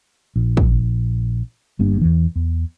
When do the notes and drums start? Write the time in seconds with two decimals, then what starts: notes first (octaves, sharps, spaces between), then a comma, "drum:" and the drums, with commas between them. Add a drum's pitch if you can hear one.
0.36 A#1
0.57 drum: kick
1.79 G1 G2 A#3 D4
2.01 E2 E3
2.36 E2